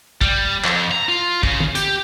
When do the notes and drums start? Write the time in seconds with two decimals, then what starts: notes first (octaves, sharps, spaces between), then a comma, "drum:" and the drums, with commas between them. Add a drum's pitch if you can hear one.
0.21 G3, drum: kick
0.65 F2, drum: clap
0.91 A#5
1.09 F4
1.43 C#3, drum: kick
1.60 drum: tom
1.75 G4, drum: hi-hat